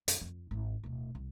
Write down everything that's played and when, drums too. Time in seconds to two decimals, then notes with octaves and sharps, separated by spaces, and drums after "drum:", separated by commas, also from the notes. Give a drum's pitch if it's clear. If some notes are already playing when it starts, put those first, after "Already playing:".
0.08 F#2, drum: hi-hat
0.21 F2
0.51 G#1 E4
0.84 D1 B2
1.15 C2